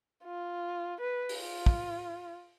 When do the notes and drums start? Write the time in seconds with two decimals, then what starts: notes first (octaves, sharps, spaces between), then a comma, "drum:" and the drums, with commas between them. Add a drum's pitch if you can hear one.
0.24 F4
1.00 B4
1.29 drum: open hi-hat
1.40 F4
1.66 drum: kick